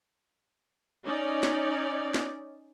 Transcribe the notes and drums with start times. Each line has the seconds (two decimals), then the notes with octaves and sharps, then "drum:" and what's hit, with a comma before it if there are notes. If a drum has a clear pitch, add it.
1.03 C#4 D#4 D5
1.43 drum: snare
2.14 drum: snare